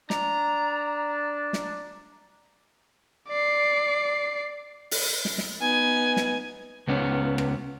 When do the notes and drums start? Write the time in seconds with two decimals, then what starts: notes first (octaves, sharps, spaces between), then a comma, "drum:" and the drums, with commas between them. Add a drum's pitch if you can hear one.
0.10 D4 A#5, drum: snare
1.53 drum: snare
3.29 D5 C7
4.91 drum: open hi-hat
5.25 drum: snare
5.38 drum: snare
5.61 B3 D#4 G#5
6.17 drum: snare
6.88 C#2 B3 C#4
7.38 drum: rim click